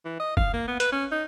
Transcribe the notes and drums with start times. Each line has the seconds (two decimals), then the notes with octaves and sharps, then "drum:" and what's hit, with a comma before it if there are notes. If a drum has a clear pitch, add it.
0.05 E3
0.20 D#5
0.37 F5, drum: kick F#1
0.53 A#3
0.68 B3
0.80 B4, drum: hi-hat
0.92 C#4
1.12 D#4